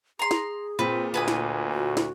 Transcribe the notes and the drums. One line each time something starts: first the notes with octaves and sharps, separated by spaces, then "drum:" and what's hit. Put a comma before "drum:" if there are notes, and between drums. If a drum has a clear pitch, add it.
G#4 A#5 C6
drum: snare
A#2 C4 B4
D2 B4 G#5 D#6
drum: snare
F#4
drum: snare